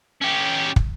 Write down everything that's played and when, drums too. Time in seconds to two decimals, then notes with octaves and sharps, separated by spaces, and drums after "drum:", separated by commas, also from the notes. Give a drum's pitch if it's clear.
0.21 C#4 G4
0.76 drum: kick